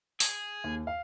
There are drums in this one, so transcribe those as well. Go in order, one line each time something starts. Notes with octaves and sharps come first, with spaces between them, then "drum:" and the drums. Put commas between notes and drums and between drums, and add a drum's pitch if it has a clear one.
G#4, drum: open hi-hat
D#2
F5